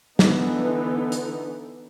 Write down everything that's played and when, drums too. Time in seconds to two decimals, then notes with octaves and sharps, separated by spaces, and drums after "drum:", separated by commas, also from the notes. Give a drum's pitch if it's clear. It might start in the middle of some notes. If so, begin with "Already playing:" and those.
0.19 D3 E3 B3 D#4, drum: snare
1.12 drum: hi-hat